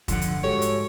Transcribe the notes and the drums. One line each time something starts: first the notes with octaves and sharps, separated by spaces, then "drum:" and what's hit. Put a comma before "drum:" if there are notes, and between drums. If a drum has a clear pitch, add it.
G2 D3 F3 F#5, drum: kick, hi-hat
drum: hi-hat
G#2 F#4 G4 A4 C#5
drum: hi-hat